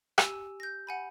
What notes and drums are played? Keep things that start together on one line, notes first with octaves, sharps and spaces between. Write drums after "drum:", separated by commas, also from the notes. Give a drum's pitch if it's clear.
G4 G#5 E6, drum: rim click
G6 A#6
F#5 G#5 B5